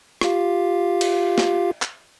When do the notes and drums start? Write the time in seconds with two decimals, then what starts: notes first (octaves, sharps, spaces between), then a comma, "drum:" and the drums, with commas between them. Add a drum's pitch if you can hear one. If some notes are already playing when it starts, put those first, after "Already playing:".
0.21 F4 G4 F5, drum: rim click
1.01 drum: cymbal
1.38 drum: snare
1.82 drum: clap